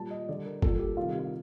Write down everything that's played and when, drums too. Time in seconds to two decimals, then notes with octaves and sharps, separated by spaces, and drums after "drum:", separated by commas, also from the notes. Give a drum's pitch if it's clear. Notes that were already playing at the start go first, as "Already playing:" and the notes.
Already playing: A#2 G3 A5
0.11 D#5
0.29 D3 G3 D5
0.45 A#4
0.62 A#2 G3 A4, drum: kick
0.79 G4
0.97 C3 D#3 G3 F4
1.09 G4
1.19 F4